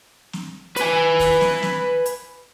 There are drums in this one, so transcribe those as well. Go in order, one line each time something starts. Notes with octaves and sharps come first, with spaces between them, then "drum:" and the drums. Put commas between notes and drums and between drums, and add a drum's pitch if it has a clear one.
drum: snare
B4 G#5, drum: hi-hat
drum: kick, open hi-hat
drum: snare
drum: snare
drum: hi-hat